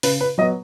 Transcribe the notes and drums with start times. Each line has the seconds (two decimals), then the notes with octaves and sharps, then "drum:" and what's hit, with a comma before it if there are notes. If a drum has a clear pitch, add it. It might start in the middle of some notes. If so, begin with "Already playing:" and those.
0.03 C#3 B4, drum: open hi-hat
0.21 B4
0.38 F#3 B3 D#5